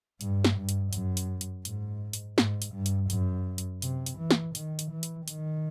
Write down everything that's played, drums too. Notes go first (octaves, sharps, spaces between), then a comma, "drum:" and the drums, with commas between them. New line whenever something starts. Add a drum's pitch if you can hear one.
G2, drum: hi-hat
drum: snare
G2
drum: hi-hat
F#2, drum: hi-hat
drum: hi-hat
drum: hi-hat
G#2, drum: hi-hat
drum: hi-hat
G#2, drum: snare
drum: hi-hat
G2
drum: hi-hat
F#2, drum: hi-hat
drum: hi-hat
C3, drum: hi-hat
drum: hi-hat
E3
drum: snare
D#3, drum: hi-hat
drum: hi-hat
E3
drum: hi-hat
D#3, drum: hi-hat